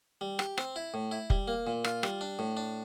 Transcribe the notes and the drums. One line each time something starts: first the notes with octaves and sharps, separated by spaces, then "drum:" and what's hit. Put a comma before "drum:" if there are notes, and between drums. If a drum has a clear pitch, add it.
G3
G4, drum: rim click
C4, drum: rim click
E4
A2
E4
G3, drum: kick F1
A#3
A#2
F4, drum: rim click
G3, drum: rim click
D4
A2
D4